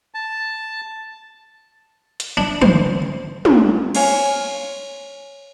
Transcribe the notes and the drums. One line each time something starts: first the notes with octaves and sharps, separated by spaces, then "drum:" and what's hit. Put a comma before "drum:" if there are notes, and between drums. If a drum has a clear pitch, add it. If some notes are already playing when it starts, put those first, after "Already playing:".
A5
drum: hi-hat
D4
C5, drum: tom
drum: tom
C5 C#5 F5 G#5, drum: cymbal